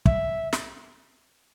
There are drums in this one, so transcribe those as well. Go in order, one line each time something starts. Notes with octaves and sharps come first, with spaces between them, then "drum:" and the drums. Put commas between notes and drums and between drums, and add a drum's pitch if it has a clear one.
E5, drum: kick
drum: snare